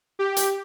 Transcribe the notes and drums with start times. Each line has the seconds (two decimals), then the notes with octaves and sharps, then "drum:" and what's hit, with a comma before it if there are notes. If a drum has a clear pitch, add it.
0.19 G4
0.37 drum: hi-hat